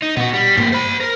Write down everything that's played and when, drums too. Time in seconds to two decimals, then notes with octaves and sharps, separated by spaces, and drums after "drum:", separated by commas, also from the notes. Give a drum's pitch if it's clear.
0.02 D#4
0.17 B3 F#4, drum: tom A#2
0.33 G3
0.58 A#3 C4, drum: tom G2
0.72 C5 B5
1.01 A#4